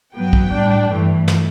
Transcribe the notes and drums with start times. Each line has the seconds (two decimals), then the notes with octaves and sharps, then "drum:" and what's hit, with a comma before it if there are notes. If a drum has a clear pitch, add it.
0.14 G2 F#3 B3 G5
0.33 drum: kick
0.52 A2 G3 D4
0.90 G2 E3 A3
1.28 drum: snare